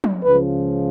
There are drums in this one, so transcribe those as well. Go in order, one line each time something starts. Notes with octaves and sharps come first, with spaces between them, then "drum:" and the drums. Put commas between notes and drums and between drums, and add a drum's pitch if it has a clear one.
drum: tom
C#2 C#3 F3 B4